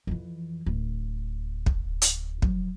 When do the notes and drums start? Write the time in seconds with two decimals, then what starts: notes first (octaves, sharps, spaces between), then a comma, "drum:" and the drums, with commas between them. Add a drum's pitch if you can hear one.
0.07 F2 E3
0.66 D1
1.66 drum: kick
2.02 drum: hi-hat
2.42 F3 F#3, drum: kick